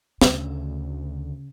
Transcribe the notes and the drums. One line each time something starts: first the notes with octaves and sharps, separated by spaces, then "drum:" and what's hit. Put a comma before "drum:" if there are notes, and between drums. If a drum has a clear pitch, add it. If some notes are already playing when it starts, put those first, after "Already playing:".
D2 C#3, drum: snare